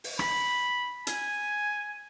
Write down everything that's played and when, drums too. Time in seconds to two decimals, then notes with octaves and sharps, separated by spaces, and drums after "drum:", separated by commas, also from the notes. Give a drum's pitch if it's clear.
0.04 drum: open hi-hat
0.19 B5, drum: rim click
1.07 G#5, drum: hi-hat